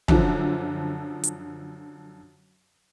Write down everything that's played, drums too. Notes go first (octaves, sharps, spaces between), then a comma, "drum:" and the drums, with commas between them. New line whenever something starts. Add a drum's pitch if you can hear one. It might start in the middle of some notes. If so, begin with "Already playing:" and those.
F#2 D3 F3, drum: kick
drum: hi-hat